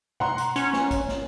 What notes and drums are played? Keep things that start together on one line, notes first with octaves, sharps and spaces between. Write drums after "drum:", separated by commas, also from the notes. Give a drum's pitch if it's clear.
F#5 A#5 C6, drum: tom B2
drum: hi-hat
C#4, drum: hi-hat
drum: snare
drum: kick, hi-hat
drum: snare